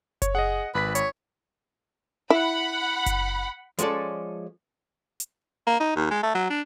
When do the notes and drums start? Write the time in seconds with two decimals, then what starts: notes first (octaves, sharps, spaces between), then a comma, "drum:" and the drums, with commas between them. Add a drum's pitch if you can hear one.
0.22 C#5, drum: kick F#1, hi-hat
0.35 G#4 D#5 F#5
0.75 G#1 B4 B5 B6
0.95 C#5, drum: hi-hat
2.30 E4 F#5 B5
3.06 drum: kick F#1, hi-hat
3.79 F3 G#3 C#4 A4 D5, drum: hi-hat
5.20 drum: hi-hat
5.67 A#3
5.80 D#4
5.96 D#2
6.11 G#3
6.23 A3
6.35 F#3
6.50 D4